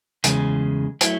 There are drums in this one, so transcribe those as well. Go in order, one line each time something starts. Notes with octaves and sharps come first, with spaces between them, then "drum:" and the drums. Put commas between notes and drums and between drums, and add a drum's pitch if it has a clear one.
E2 C#3 G#3, drum: hi-hat
F#3 A3 E4, drum: hi-hat